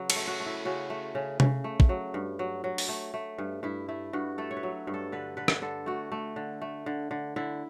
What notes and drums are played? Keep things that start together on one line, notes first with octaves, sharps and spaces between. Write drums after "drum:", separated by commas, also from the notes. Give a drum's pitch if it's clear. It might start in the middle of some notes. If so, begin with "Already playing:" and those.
Already playing: C#3 F#3 B4
A4, drum: cymbal
A3
F#4
A3
E4
C#3 F#4
A3
C#3
C#3, drum: tom C3
A3
drum: kick
F#3
G2
F#3
F#3
drum: open hi-hat
A3
A3
G2
G2 E4
A3 E4
G2 F#4
A3 A4
C#5
B4
F#3
G2
A4
D3 B4
D3 B4
drum: rim click
D3 A4
A3 F#4
A3
D3
A3
D3
D3
D3 E4